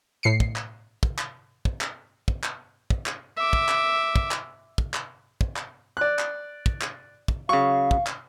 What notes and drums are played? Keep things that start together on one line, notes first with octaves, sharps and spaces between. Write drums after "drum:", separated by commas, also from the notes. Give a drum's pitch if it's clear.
A2 C7 C#7
drum: kick
drum: clap
drum: kick
drum: clap
drum: kick
drum: clap
drum: kick
drum: clap
drum: kick
drum: clap
E5 D6
drum: kick
drum: clap
drum: kick
drum: clap
drum: kick
drum: clap
drum: kick
drum: clap
D5 F#6
drum: clap
drum: kick
drum: clap
drum: kick
C#3 F#3 F5 C#6
drum: kick
drum: clap